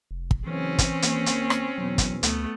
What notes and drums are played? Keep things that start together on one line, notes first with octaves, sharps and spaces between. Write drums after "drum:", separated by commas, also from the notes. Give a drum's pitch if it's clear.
F1
drum: kick
F#1 E3 C4 C#4
drum: kick, hi-hat
D#2 A#3, drum: hi-hat
drum: hi-hat
drum: rim click
E2 B2 F#3
drum: kick, hi-hat
D2 A3 B3, drum: hi-hat